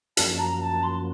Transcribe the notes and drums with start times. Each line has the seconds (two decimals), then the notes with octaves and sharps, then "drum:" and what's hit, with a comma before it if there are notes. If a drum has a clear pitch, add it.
0.17 F#2 F3 A#3 C#4 F#4 A5, drum: hi-hat
0.39 A#5
0.61 A5
0.83 C6